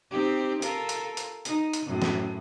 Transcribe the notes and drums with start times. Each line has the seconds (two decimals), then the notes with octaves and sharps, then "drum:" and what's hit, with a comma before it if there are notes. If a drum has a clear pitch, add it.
0.10 C4 D#4 G4
0.62 F4 A4 A#4, drum: hi-hat
0.89 drum: hi-hat
1.17 drum: hi-hat
1.45 D#4, drum: hi-hat
1.73 drum: hi-hat
1.86 F#2 A2
2.02 drum: snare